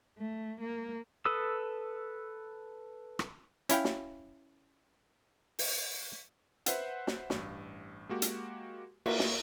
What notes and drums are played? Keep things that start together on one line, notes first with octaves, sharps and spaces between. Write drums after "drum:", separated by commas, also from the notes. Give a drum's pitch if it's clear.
A3
A#3
A4 B4 D#6 E6
drum: rim click
C#4 E4 F5 G5, drum: hi-hat
drum: snare
drum: open hi-hat
B4 C5 E5 F#5, drum: hi-hat
drum: snare
A1 G2, drum: snare
G#3 A#3 F#4 G4
drum: hi-hat
A#3 F4 F#4 A#4 B4 E5, drum: cymbal
drum: snare